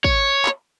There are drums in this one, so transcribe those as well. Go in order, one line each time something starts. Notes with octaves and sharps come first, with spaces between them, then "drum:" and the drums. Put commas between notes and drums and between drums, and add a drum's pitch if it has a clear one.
C#5, drum: kick
drum: clap